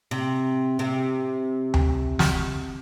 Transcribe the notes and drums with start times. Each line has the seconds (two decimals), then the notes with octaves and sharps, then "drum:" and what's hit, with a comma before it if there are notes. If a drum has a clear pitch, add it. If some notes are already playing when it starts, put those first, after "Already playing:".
0.11 C3
0.79 C3
1.74 drum: tom D2
2.19 drum: snare